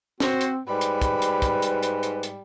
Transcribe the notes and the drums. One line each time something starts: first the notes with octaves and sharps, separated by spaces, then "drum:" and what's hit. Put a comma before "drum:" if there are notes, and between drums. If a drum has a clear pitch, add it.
C4 F#4 C5, drum: snare
drum: hi-hat
G#2 G3 B4 B5
drum: hi-hat
drum: kick, hi-hat
drum: hi-hat
drum: kick, hi-hat
drum: hi-hat
drum: hi-hat
drum: hi-hat
drum: hi-hat